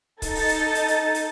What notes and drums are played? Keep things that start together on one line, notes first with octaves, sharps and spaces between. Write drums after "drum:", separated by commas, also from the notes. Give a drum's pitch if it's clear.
D#4 A4 A6, drum: kick C#1, hi-hat
drum: open hi-hat
drum: hi-hat
drum: hi-hat
drum: hi-hat
drum: hi-hat